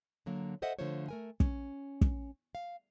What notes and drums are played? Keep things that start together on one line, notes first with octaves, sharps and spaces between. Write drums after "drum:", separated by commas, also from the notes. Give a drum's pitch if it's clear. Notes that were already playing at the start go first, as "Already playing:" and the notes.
D3 F#3 A#3
A4 C5 D#5 E5 F#5
D3 F3 A3 F4 C5 C#5
A3 A#4 G#5
C#4, drum: kick
drum: kick
F5